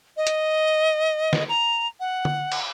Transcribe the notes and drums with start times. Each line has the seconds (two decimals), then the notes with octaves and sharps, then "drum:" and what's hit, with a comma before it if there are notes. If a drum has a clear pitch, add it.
0.17 D#5
0.27 drum: hi-hat
1.33 drum: snare
1.49 A#5
2.00 F#5
2.25 drum: tom D3
2.52 drum: cymbal